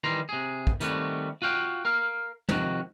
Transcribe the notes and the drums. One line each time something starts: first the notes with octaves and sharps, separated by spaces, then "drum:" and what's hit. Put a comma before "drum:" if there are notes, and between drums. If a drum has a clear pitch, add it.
D#3 E3 G3 A#5 C6
C3 G#4
drum: kick
D#3 G3 A3 C4 F#4, drum: hi-hat
F4 F#4 F5 G5
A#4 F5
C3 D#3 F3 F#4, drum: tom